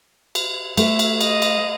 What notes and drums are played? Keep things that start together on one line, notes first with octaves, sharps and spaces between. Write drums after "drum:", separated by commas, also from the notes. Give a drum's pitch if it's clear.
drum: cymbal
A3 E5, drum: cymbal
drum: cymbal
D#5 F5, drum: cymbal
drum: cymbal